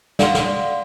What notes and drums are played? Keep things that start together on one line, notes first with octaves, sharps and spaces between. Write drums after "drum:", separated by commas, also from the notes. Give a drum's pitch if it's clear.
D5 F5 F#5 C6, drum: snare
drum: snare